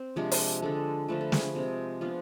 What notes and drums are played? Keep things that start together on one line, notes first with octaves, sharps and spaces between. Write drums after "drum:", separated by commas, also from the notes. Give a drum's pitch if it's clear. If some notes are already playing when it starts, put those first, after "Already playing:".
Already playing: C4
C3 F3 G#3 D4
drum: open hi-hat
D3 G#3 D4 A4
D3 F3 A3 B4
A4
G#4, drum: snare
G#4
C3 G#3 C4
F3 B3 D4 F4